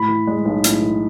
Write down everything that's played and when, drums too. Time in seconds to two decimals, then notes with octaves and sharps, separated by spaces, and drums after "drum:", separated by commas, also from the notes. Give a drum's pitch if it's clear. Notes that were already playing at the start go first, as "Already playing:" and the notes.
Already playing: A2 B5
0.08 E3
0.27 G#3
0.45 B1
0.64 A2, drum: hi-hat
0.82 E3